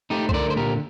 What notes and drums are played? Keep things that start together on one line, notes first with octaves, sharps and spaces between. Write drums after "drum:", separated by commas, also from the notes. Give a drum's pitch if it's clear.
A3 D#4 G4
C5, drum: kick C2
D3 A#4 D5
C5
A#2 G4 A#4